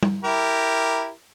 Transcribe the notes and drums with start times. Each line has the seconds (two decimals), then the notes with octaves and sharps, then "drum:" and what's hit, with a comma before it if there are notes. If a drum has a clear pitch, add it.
0.03 drum: tom
0.24 E4 G4 A#4